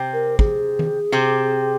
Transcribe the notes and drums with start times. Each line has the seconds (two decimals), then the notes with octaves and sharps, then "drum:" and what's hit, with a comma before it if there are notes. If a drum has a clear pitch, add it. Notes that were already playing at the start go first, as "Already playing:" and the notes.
Already playing: C3 C4
0.13 A#4
0.39 G#4, drum: kick
0.79 drum: tom D#3
1.12 C3 C4